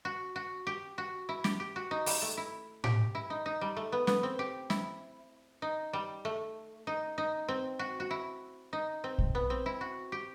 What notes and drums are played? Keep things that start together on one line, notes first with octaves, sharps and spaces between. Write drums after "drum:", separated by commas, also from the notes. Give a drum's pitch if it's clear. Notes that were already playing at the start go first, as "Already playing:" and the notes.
F#4
F#4
G4
F#4
E4
G4, drum: snare
G4
F#4
D#4
G3, drum: open hi-hat
A3
E4
G4, drum: tom A2
E4
D#4
D#4
G3
A3
B3
B3, drum: snare
C4
G4
E4, drum: snare
D#4
G3
A3
D#4
D#4
C4
F#4
F#4
E4
D#4
C4
drum: kick
B3
C4
E4
F#4
G4